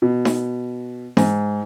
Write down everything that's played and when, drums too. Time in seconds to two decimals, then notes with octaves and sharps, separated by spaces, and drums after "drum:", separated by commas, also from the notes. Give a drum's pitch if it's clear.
0.02 B2
0.25 drum: snare D#4
1.17 G#2, drum: snare D#4